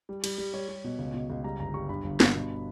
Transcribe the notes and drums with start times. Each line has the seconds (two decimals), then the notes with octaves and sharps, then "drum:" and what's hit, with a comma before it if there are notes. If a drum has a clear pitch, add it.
0.09 G3
0.24 G3, drum: cymbal
0.38 G3
0.54 G3 C#5
0.68 G3
0.84 B2
0.99 C#2
1.14 B2
1.30 C#2
1.44 G3 A#5
1.60 G1 A#5
1.74 G3 C#6
1.89 G2 B5
2.04 G1
2.20 G2, drum: snare
2.34 B2